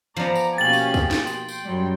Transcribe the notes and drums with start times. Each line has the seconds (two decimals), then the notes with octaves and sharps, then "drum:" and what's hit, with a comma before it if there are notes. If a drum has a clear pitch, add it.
0.17 F3 B3 D5 A#5
0.35 drum: tambourine
0.58 B2 A#3 C#4 G4 F5 G#5 A6 F#7
0.73 drum: tambourine
0.94 G#4, drum: kick, tambourine
1.11 drum: snare
1.27 G5 C6, drum: tambourine
1.48 drum: tambourine
1.64 F#2 F#3 G3